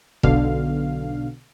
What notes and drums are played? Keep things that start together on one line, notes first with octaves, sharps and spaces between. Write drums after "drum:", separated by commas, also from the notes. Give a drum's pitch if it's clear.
B1 B2 D3 F5, drum: kick E1